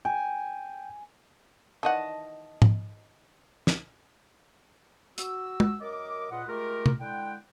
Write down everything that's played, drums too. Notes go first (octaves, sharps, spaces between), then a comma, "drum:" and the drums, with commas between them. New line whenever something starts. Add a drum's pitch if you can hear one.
G5 G#5
D#3 E3 D#5 F#5 A5
drum: tom G#2
drum: snare
F#4 E6, drum: hi-hat
drum: tom
F#2 A#4 D#5 D6
C#2 A#2 F4 B4 D#5 F#5
G#3 A3 F4 G4 A#4
drum: tom
D3 G#3 E4 F#5 G5